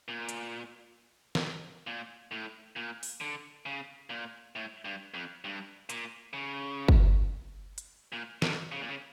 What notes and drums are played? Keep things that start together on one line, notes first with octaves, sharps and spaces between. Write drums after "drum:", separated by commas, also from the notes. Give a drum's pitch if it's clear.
A#2
drum: hi-hat
drum: snare
A#2
A2
A#2
drum: open hi-hat
D3
C#3
A#2
A2
G2
F2
G2
A#2, drum: hi-hat
C#3
drum: kick
drum: hi-hat
A#2
D3, drum: snare
C#3
A#2
C#3